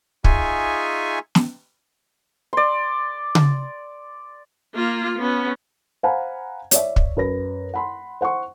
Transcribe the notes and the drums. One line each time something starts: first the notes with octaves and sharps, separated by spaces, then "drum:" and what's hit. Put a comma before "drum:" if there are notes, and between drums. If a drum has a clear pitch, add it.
D#4 F4 G#4 E5 G#5 C#6, drum: kick
drum: snare
D5 C6
drum: tom C#3
A#3 F4
B3 C#4
C5 F5 F#5 G#5 A#5 B5
C#5 D5 E5, drum: hi-hat
drum: kick
F#2 B4 A#6
F#5 B5 C6
C5 F#5 C6 C#6